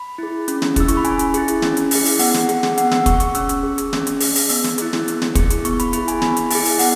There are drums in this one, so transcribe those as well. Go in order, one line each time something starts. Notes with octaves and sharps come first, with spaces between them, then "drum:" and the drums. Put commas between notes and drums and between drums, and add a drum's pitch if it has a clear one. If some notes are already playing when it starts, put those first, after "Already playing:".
Already playing: B5
E4 G#4
C#4, drum: hi-hat
drum: snare
E4 G#4 E6, drum: kick, hi-hat
C#6, drum: hi-hat
B5
C#4 G#5, drum: hi-hat
drum: hi-hat
E4 G#4, drum: hi-hat
drum: hi-hat
C#4, drum: snare
drum: hi-hat
E4 G#4, drum: open hi-hat
drum: open hi-hat
B3 F#5, drum: open hi-hat
drum: snare
G#4, drum: hi-hat
drum: snare
B3 F#5, drum: hi-hat
E6, drum: snare
G#4 C#6, drum: kick, hi-hat
C#6, drum: hi-hat
C#4 E6, drum: hi-hat
drum: hi-hat
G#4
drum: hi-hat
C#4, drum: snare
drum: hi-hat
G#4, drum: open hi-hat
drum: open hi-hat
B3 E6, drum: open hi-hat
drum: snare
E4 G#4, drum: hi-hat
drum: snare
B3, drum: hi-hat
drum: snare
E4 G#4, drum: kick, hi-hat
drum: hi-hat
B3 C#6, drum: hi-hat
B5, drum: hi-hat
E4 G#4 B5, drum: hi-hat
G#5, drum: hi-hat
B3 B5, drum: snare
drum: hi-hat
E4 G#4 G#5, drum: open hi-hat
drum: open hi-hat
B3 F#5, drum: open hi-hat